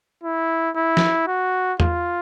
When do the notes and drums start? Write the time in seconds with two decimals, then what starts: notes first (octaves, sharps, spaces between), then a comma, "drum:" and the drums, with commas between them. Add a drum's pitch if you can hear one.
0.24 E4
0.76 E4
0.97 drum: snare
1.27 F#4
1.80 F4, drum: tom E2